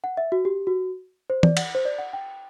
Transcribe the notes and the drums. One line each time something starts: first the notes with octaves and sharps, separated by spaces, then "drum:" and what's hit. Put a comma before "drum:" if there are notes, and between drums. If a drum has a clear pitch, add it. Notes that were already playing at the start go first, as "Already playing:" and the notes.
F#5
E5
F#4
G4
F#4
C5
D5, drum: tom E3
F#5, drum: cymbal
C5
D5
F#5
G5